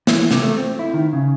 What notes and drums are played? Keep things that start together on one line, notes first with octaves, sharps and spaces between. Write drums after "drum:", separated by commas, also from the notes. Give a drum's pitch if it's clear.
E3, drum: snare
C3, drum: snare
A3
C4
E4
D#3
C#3